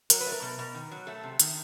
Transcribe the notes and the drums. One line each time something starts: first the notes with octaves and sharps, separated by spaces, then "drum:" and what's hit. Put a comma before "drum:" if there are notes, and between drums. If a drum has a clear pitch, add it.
F#3 A#4, drum: hi-hat
B4
A3
A#4
B2
B2
D#3
F#3
A3 A4
C3
D#3, drum: hi-hat